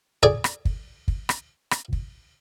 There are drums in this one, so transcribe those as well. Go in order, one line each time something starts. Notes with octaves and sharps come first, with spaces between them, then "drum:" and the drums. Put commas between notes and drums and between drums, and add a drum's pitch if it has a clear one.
G#4 D5
drum: rim click
drum: kick
drum: kick
drum: rim click
drum: rim click
drum: kick